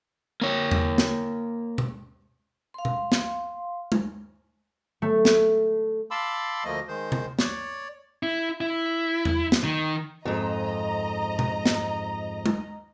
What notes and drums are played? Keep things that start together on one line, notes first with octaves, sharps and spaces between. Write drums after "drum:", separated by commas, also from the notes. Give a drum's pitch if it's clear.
A#3 C#5
drum: tom E2
drum: snare
drum: tom B2
F5 C6
drum: tom B2
drum: snare
drum: tom G#3
A3
drum: snare
F5 A5 B5 C6 D6 E6
D2 F3 A3 A#3 D#5
D#3 G#3 C5
drum: tom C3
C#5 D5, drum: snare
E4
E4
drum: tom E2
drum: snare
D#3
F2 G#2 D#5 A#5
drum: tom B2
drum: snare
drum: tom G#3